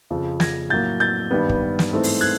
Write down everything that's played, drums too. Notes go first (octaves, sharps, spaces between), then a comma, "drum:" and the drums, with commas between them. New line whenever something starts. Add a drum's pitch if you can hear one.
F2 C#3 F3
G#6 A#6, drum: snare
A2 F#3 A#3 G6 A6
G6 A6
G2 D#3 G3 B3
drum: kick
drum: snare
G#2 E3 A3 C4
drum: open hi-hat
F#6 G#6